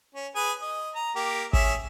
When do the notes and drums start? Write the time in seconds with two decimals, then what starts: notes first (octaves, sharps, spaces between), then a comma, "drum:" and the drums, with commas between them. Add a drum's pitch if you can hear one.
0.15 C#4
0.36 G#4 B4 G#5
0.62 D#5
0.95 A#5
1.16 A#3 G4
1.53 C#4 G#4 E5, drum: kick